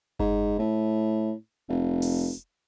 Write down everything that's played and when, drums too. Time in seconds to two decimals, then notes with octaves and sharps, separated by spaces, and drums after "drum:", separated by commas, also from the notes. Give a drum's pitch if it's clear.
0.19 G#2, drum: kick F#1
0.59 A2
1.69 F1
2.02 drum: open hi-hat